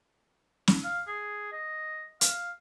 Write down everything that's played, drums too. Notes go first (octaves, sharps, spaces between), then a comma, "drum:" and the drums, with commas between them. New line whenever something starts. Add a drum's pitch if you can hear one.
drum: snare
F5
G#4
D#5
F5, drum: hi-hat